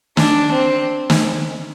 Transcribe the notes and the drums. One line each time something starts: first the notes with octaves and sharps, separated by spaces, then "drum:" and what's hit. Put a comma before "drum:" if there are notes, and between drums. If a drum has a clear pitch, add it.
D4, drum: snare
C4
drum: snare